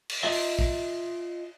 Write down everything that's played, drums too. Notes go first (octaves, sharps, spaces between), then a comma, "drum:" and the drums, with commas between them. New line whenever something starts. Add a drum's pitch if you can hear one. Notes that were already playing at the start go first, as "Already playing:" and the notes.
drum: cymbal
F4 D#5 E5
drum: open hi-hat
drum: kick